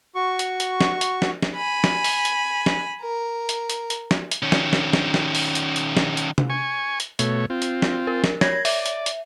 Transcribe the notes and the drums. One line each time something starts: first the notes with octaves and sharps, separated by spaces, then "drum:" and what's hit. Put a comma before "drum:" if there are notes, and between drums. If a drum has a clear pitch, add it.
F#4 C#6
drum: hi-hat
drum: hi-hat
drum: snare
drum: hi-hat
drum: snare
drum: snare
G#5 B5
drum: snare
drum: open hi-hat
drum: hi-hat
drum: snare
A#4
drum: hi-hat
drum: hi-hat
drum: hi-hat
drum: snare
drum: hi-hat
D#3 C#4
drum: snare
drum: snare
drum: snare
drum: snare
drum: open hi-hat
drum: hi-hat
drum: hi-hat
drum: snare
drum: hi-hat
drum: tom C3
G#5 C#6
drum: hi-hat
B2 A3 C#5, drum: hi-hat
C4 F4
drum: hi-hat
drum: snare
A#4
drum: snare
C#5 G#6 A#6, drum: snare
D5 E5, drum: open hi-hat
drum: hi-hat
drum: hi-hat